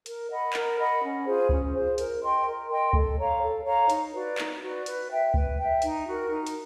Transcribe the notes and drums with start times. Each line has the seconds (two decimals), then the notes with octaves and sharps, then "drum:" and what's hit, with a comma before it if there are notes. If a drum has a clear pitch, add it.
0.06 A#4, drum: hi-hat
0.29 D#5 F#5 B5
0.53 A#4, drum: clap
0.77 D#5 F#5 B5
1.02 C#4
1.25 F4 G#4 C5
1.49 C#4, drum: kick C#2
1.73 F4 G#4 C5
1.98 A#4, drum: hi-hat
2.21 D#5 G5 C6
2.46 A#4
2.70 D#5 G5 C6
2.93 A4, drum: kick C#2
3.18 C#5 F5 A#5
3.42 A4
3.65 C#5 F5 A#5
3.90 D#4, drum: hi-hat
4.14 F#4 B4 D5
4.38 D#4, drum: clap
4.63 F#4 B4 D5
4.86 B4, drum: hi-hat
5.10 E5 G5
5.34 B4, drum: kick C#2
5.58 E5 G5
5.82 D#4, drum: hi-hat
6.07 F#4 A#4
6.30 D#4
6.47 drum: hi-hat